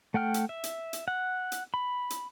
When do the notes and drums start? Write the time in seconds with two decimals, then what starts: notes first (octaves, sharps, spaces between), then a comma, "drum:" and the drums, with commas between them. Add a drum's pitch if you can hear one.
0.14 A3 F#5 G5 F6
0.34 drum: hi-hat
0.49 E5
0.64 drum: hi-hat
0.93 drum: hi-hat
1.08 F#5
1.52 drum: hi-hat
1.74 B5
2.10 drum: hi-hat